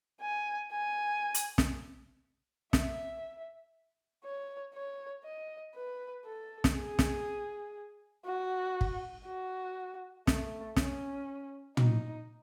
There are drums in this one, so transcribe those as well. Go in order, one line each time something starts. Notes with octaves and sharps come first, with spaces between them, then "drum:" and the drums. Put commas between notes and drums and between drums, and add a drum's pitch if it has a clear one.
G#5
G#5
drum: hi-hat
drum: snare
E5, drum: snare
C#5
C#5
D#5
B4
A4
drum: snare
G#4
drum: snare
F#4
drum: kick
F#4
A3, drum: snare
C#4, drum: snare
D#4, drum: tom